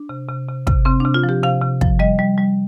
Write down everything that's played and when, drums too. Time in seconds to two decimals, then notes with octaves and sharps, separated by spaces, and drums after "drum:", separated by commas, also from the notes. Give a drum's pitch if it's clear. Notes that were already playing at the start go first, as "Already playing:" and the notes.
Already playing: D4
0.09 C3
0.28 C3
0.48 C3
0.67 C3, drum: kick
0.85 C3 C4
1.00 C3 D4
1.14 F4
1.23 F3
1.29 G4
1.43 C3 F5
1.61 C3
1.81 F3, drum: kick
1.99 G3 D#5
2.19 G3
2.38 G3